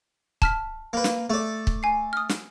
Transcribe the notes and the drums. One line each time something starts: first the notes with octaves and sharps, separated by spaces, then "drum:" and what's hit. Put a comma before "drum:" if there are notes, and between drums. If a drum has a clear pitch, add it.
A5 F6 B6, drum: kick
A#3 B4
drum: snare
A3 D5
drum: kick
G#5 C7
D#6 F6
drum: snare